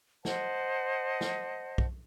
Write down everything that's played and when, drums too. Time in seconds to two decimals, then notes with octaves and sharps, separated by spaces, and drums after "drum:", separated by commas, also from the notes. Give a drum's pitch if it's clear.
0.25 C5 D#5 F#5 A5, drum: snare
1.21 drum: snare
1.78 drum: kick